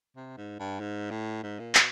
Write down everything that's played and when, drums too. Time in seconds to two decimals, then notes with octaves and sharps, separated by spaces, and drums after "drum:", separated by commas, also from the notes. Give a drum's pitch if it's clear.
0.16 C3
0.37 G#2
0.59 G2
0.80 G#2
1.11 A2
1.43 G#2
1.59 A#2
1.75 B2, drum: clap